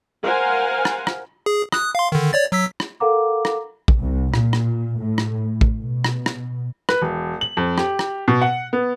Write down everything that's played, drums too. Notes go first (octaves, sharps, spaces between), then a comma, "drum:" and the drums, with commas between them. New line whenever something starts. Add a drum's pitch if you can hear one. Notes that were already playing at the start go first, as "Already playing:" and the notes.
A#4 C5 F5 F#5 G#5
drum: rim click
drum: rim click
G#4
D#6 F#6, drum: rim click
F5 C6
D3 D#3
C#5 D5 A6
F#3 E6 B6
drum: rim click
A4 A#4 F5 F#5 A#5 D6
drum: rim click
drum: kick A1
C2
A#2, drum: rim click
drum: rim click
A2
drum: rim click
drum: kick A1
B2
drum: rim click
drum: rim click
B4, drum: rim click
E1
F#7
F2
G4, drum: rim click
drum: rim click
B2
F#5
B3